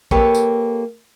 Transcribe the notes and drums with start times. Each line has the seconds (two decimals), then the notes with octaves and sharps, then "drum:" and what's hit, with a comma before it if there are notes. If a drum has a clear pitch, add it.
0.11 A#3 G4 A4 B4 C#5, drum: kick A#1
0.35 drum: tambourine